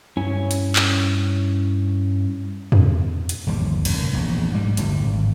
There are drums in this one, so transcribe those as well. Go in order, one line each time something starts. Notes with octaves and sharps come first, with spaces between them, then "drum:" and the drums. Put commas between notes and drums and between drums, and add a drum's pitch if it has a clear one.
G2 C#4 E4 C#5 G#5
drum: hi-hat
drum: clap
drum: tom
drum: hi-hat
G1 D#2 F3 G3
F1 F#2, drum: cymbal
E1 A#1 F2
G#2 G3
G1 D2 A2 G3, drum: hi-hat
G#1